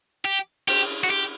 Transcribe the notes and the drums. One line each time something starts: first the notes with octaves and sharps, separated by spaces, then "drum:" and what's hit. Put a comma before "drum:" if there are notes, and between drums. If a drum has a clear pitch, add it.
G4
G4, drum: cymbal
F#4
G4